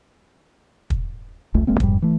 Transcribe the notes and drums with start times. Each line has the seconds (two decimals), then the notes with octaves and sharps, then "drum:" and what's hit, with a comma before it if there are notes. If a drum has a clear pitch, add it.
0.90 drum: kick
1.54 F1 C#2 A3
1.67 F1 G#3 A#3 C4
1.80 F2 G#2 G3, drum: kick
2.02 E3 A3